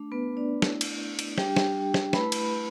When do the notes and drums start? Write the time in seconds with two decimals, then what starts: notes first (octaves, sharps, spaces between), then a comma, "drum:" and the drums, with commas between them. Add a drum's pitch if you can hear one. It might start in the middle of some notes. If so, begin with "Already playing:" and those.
Already playing: A3 D4
0.12 B3 B4
0.37 D4 D5
0.62 A3 E4, drum: snare
0.81 drum: cymbal
1.19 drum: cymbal
1.38 G3 D4 G4 G5, drum: snare
1.57 drum: snare
1.94 drum: snare
2.13 A3 E4 B4 B5, drum: snare
2.32 drum: cymbal